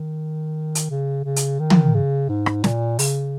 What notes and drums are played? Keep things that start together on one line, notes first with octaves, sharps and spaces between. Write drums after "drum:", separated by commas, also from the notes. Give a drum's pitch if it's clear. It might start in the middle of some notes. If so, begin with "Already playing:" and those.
Already playing: D#3
drum: hi-hat
C#3
C#3
drum: hi-hat
D#3
drum: tom
C#3
G#2
drum: rim click
A#2, drum: snare
C#3, drum: open hi-hat